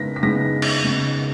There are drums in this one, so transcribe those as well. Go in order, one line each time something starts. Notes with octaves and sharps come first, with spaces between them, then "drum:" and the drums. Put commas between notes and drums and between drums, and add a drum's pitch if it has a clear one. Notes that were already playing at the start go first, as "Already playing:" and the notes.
Already playing: C#3 G#3 B3 D#4 A#6 B6
B6
C#3 G#3 B3 D#4 A#6
drum: cymbal
C#3 G#3 B3 D#4